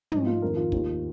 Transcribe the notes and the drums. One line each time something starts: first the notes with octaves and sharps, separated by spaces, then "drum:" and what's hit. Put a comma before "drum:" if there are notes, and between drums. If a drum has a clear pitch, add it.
G#2 F3 D#4, drum: tom
F4
F2 D#3 A#4
F4
D#2 D#3, drum: kick